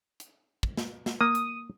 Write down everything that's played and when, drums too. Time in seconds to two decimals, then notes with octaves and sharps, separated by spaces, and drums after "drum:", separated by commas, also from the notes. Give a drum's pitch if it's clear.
0.20 drum: hi-hat
0.63 drum: kick
0.77 drum: snare
1.06 drum: snare
1.21 A#3 D#6
1.35 drum: hi-hat